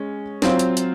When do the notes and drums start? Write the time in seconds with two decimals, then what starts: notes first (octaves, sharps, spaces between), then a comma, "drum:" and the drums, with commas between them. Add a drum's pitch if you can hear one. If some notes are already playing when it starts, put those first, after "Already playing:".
Already playing: G#3 C#4
0.42 F#3 C4 F4 C5 F5, drum: snare
0.59 drum: hi-hat
0.77 drum: hi-hat